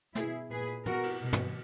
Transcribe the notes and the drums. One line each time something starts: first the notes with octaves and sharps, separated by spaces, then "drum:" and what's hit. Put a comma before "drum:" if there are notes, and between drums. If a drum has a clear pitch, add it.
B2 E4 G#4, drum: snare
A#2 G#4 B4
B2 F#4 A#4, drum: tom
drum: cymbal
B2
drum: tom